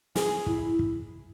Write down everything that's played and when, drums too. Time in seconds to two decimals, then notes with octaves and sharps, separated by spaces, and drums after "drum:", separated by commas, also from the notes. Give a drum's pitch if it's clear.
0.16 G#4, drum: snare
0.46 E4, drum: kick
0.79 drum: kick